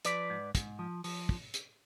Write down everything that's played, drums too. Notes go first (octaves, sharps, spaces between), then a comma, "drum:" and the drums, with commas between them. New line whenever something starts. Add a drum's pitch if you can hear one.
F3 B4 D5, drum: hi-hat
G#2
G#2, drum: kick, hi-hat
F3
F3, drum: open hi-hat
drum: kick
drum: hi-hat